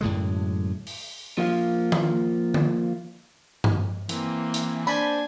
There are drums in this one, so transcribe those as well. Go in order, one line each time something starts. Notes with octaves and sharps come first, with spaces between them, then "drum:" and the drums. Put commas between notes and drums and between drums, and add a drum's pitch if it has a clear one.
F#2 A2 D3 G#3
drum: open hi-hat
F3 A#3 F4
drum: tom D#3
drum: tom D3
drum: tom G2
E3 A#3 C4, drum: hi-hat
drum: hi-hat
D4 C5 G#5 B5, drum: tambourine